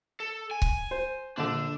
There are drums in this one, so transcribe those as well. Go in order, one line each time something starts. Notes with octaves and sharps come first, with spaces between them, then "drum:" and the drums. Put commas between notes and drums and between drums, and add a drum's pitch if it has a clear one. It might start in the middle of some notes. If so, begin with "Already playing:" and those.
A4
G#5
drum: kick C#1
C5
A#1 D3 D4